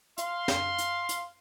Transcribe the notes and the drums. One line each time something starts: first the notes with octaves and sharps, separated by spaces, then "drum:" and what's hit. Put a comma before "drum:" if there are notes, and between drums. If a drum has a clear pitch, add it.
F5 C6, drum: hi-hat
drum: snare
drum: hi-hat
drum: hi-hat